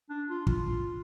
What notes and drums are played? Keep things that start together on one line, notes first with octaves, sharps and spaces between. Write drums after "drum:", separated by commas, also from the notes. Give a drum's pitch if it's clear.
D4
F4
F4, drum: kick